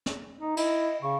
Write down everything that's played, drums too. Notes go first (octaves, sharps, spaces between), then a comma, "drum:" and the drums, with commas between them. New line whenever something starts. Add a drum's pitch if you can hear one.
drum: snare
D#4
E4 D#5, drum: cymbal
C#3 C#6